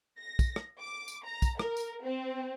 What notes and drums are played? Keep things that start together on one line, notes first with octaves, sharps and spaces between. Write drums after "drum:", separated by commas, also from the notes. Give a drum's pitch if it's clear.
A#6
drum: kick, tambourine
drum: rim click
D6
drum: tambourine
A#5
drum: kick, tambourine
A#4, drum: rim click
drum: tambourine
C4